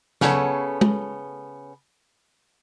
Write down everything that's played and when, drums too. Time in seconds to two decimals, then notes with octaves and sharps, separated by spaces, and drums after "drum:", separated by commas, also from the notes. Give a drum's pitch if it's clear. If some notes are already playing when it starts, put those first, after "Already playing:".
0.21 C#3 B3 A4 C#5, drum: snare
0.81 drum: tom